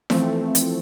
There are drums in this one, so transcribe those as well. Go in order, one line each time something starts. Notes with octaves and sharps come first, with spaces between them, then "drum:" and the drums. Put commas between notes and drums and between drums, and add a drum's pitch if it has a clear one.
E3 F3 A3 C4, drum: snare E4
drum: hi-hat